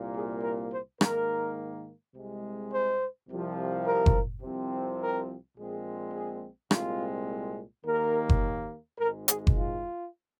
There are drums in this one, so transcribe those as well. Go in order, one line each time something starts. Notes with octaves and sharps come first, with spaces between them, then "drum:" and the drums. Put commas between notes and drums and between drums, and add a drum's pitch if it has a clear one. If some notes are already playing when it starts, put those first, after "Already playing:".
Already playing: C2 A#2 A#3
G#4
A#4
C5
G#2 D#3 A#3 A#4, drum: rim click
C2 C3 G#3
C5
C2 C3 F3
A#4
drum: kick F#1
C2 C3 F3 C4
A#4
A#1 A#2 G#3 C4 G#4
G#4
C2 A#2 G#3 C4 F4, drum: rim click
D#2 D#3 A#3 A#4
drum: kick F#1
G#1 G#2 G#3 A#4
G#4, drum: hi-hat
drum: kick F#1
F4